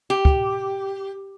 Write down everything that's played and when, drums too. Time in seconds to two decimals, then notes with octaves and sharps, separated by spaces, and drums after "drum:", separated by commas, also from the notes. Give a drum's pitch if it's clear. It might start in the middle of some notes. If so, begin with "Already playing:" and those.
0.10 G4
0.25 drum: kick